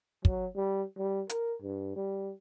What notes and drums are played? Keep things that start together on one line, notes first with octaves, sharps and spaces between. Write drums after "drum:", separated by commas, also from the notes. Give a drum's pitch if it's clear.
F#3, drum: kick
G3
G3
A#4, drum: hi-hat
G2
G3